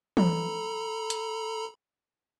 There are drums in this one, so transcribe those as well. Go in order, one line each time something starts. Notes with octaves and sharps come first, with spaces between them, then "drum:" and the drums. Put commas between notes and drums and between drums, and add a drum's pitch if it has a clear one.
A4 A#5 B5, drum: tom E3
drum: hi-hat